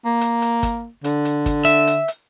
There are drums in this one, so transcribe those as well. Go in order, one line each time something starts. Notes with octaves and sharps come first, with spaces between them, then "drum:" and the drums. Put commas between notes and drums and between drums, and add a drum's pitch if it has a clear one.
A#3
drum: hi-hat
drum: hi-hat
drum: kick, hi-hat
D3, drum: hi-hat
drum: hi-hat
drum: kick, hi-hat
E5, drum: hi-hat
drum: hi-hat
drum: hi-hat